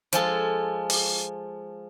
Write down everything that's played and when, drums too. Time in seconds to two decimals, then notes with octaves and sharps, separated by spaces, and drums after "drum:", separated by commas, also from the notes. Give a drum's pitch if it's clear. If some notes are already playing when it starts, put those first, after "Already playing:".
0.13 F3 G#3 A4, drum: hi-hat
0.90 drum: open hi-hat